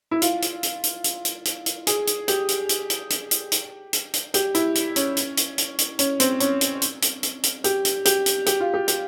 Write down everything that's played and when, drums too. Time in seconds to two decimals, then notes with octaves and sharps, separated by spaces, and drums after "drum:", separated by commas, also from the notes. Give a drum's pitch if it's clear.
0.11 E4
0.22 F4, drum: hi-hat
0.42 drum: hi-hat
0.63 drum: hi-hat
0.83 drum: hi-hat
1.04 drum: hi-hat
1.25 drum: hi-hat
1.45 drum: hi-hat
1.66 drum: hi-hat
1.87 G#4, drum: hi-hat
2.07 drum: hi-hat
2.28 G4, drum: hi-hat
2.48 drum: hi-hat
2.69 drum: hi-hat
2.90 drum: hi-hat
3.10 drum: hi-hat
3.31 drum: hi-hat
3.52 drum: hi-hat
3.93 drum: hi-hat
4.13 drum: hi-hat
4.34 G4, drum: hi-hat
4.54 E4, drum: hi-hat
4.75 drum: hi-hat
4.96 C#4, drum: hi-hat
5.17 drum: hi-hat
5.37 drum: hi-hat
5.58 drum: hi-hat
5.78 drum: hi-hat
5.99 C#4, drum: hi-hat
6.20 C4, drum: hi-hat
6.40 C#4, drum: hi-hat
6.61 drum: hi-hat
6.82 drum: hi-hat
7.02 drum: hi-hat
7.23 drum: hi-hat
7.43 drum: hi-hat
7.64 G4, drum: hi-hat
7.85 drum: hi-hat
8.05 G4, drum: hi-hat
8.26 drum: hi-hat
8.46 G4, drum: hi-hat
8.60 F4
8.74 G4
8.88 G4, drum: hi-hat